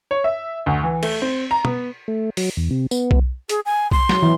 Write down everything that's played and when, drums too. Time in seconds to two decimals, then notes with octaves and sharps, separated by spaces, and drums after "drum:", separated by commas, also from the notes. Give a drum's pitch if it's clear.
0.11 C#5
0.24 E5
0.66 D2
0.83 E3
1.03 A3, drum: cymbal
1.22 C4
1.51 A#5
1.65 B3, drum: tom
2.08 A3
2.37 F#3, drum: open hi-hat
2.57 E2
2.71 C3
2.91 B3, drum: tambourine
3.11 drum: kick B1
3.49 G#4, drum: hi-hat
3.66 G#5
3.91 C6, drum: kick B1
4.09 F#3, drum: snare
4.23 E3